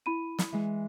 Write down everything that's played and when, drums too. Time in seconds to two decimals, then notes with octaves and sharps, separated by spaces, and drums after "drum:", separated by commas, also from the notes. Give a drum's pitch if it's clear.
0.06 E4 B5 D#7
0.39 drum: snare
0.52 E3 G#3